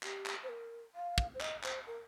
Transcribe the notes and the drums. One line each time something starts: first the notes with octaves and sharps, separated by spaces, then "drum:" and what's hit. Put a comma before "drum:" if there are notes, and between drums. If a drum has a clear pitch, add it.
G4, drum: clap
drum: clap
C5
A#4
F5
drum: kick
C5
D#5, drum: clap
C5, drum: clap
A#4